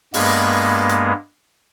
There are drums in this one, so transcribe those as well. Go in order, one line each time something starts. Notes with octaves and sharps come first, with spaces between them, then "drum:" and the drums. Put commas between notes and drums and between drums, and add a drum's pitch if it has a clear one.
G2 G#3 A#3 B3, drum: open hi-hat
drum: hi-hat